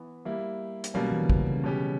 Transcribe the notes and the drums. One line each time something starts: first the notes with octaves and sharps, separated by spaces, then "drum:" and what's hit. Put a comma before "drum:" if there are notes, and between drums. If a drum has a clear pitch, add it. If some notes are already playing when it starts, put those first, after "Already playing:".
Already playing: E3 B3 E4
G3 A#3 E4 G4
drum: hi-hat
B2 F#3 G3 A#3 C#4
E3
D3
C#3, drum: kick
C#3
B2 G3 C#4 G4